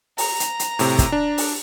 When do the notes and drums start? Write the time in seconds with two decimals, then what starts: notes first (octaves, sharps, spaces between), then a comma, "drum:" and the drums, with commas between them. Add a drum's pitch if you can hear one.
0.18 A#5, drum: open hi-hat
0.40 drum: hi-hat
0.59 drum: hi-hat
0.79 A2 C3, drum: open hi-hat
0.99 drum: kick, hi-hat
1.12 D4
1.38 drum: open hi-hat